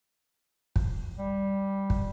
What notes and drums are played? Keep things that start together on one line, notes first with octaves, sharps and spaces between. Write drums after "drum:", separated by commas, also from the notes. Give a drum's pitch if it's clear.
drum: kick
G3
drum: kick